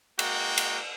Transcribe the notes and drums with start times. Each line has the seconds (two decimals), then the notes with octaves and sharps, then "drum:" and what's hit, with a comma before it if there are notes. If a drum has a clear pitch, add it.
0.19 G#3 A#3 F#4 G5, drum: cymbal
0.58 drum: cymbal